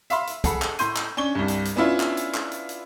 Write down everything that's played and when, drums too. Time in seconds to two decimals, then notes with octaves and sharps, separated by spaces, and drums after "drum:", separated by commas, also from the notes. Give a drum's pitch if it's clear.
0.10 E5 F5 B5 C6, drum: hi-hat
0.27 drum: hi-hat
0.44 G#4 A4 F#5 B5, drum: kick, hi-hat
0.62 drum: clap
0.79 A2 C6 G6 D#7, drum: hi-hat
0.96 drum: clap
1.17 C#4 D4 C#6 G7
1.35 C2 G2
1.48 drum: hi-hat
1.65 drum: hi-hat
1.76 B3 C#4 D4 E4 F4 B4
2.00 drum: clap
2.17 drum: hi-hat
2.34 drum: clap
2.52 drum: hi-hat
2.69 drum: hi-hat